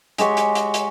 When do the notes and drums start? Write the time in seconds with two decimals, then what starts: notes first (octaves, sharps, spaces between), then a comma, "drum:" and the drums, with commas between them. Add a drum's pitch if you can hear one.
0.18 G#3 F#4 G4 C#5, drum: hi-hat
0.37 drum: hi-hat
0.55 drum: hi-hat
0.74 drum: hi-hat